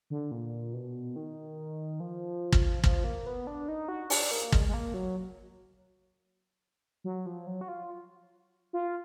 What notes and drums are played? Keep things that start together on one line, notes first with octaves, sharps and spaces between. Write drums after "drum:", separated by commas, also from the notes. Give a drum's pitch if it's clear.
D3
A#2
B2
D#3
F3
drum: kick
F3, drum: kick
A#3
B3
D4
D#4
F#4
D4, drum: open hi-hat
A#3
G#3, drum: kick
G#3
A#3
F#3
F#3
F3
F#3
F#4
F4
F4